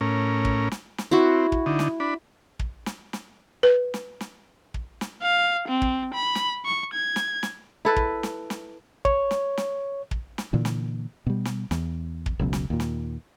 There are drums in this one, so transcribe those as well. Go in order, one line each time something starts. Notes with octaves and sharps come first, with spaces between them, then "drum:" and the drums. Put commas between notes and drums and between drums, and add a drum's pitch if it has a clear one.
A2 C#4 A#4
drum: kick
drum: snare
drum: snare
C4 E4 F#4
drum: kick
D3 D#4
drum: snare
D4 B5
drum: kick
drum: snare
drum: snare
B4
drum: snare
drum: snare
drum: kick
drum: snare
F5
C4
drum: kick
B5
drum: snare
C#6
G#6
drum: snare
drum: snare
E4 A4 B4
drum: kick
drum: snare
drum: snare
C#5, drum: kick
drum: snare
drum: snare
drum: kick
drum: snare
A#2 D3 E3
drum: snare
B2 G3
drum: snare
E2, drum: snare
drum: kick
F#1 C#2 F#2 B2
drum: snare
D#2 A#2
drum: snare